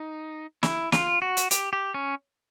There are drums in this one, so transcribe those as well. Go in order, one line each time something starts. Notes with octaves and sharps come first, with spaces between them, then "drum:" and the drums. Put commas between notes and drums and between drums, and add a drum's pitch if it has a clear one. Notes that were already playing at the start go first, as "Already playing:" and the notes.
Already playing: D#4
E4, drum: snare
F4, drum: snare
F#4
drum: hi-hat
G4, drum: hi-hat
G4
C#4